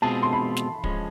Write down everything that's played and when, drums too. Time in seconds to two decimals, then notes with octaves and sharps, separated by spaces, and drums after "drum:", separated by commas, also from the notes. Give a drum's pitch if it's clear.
0.02 B2 G#3 C4 F4 G#4 A5
0.23 C6
0.33 B5
0.57 drum: snare
0.84 F3 G#3 C#4, drum: kick